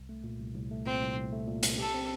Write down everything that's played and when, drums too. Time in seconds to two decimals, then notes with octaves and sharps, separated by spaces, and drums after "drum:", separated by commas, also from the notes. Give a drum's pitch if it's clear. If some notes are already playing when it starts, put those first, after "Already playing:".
Already playing: C2
0.09 A3
0.24 A#2
0.39 C2
0.54 C2
0.71 A3
0.86 A#2 C4
1.01 C2
1.17 C2
1.33 A3
1.47 A#2
1.63 C2, drum: hi-hat
1.78 G4 A4
1.94 C4